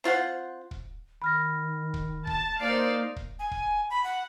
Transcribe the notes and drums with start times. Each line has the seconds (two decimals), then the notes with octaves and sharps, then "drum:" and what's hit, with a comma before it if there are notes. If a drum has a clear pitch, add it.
0.04 C4 F4 C5 F#5
0.71 drum: kick
1.22 D#3 B5 F6 A#6
1.94 drum: kick
2.27 A5, drum: kick
2.61 A#3 D#4 C5 D5 F5 C7
3.16 drum: kick
3.39 G#5
3.51 drum: kick
3.90 B5
4.04 F#5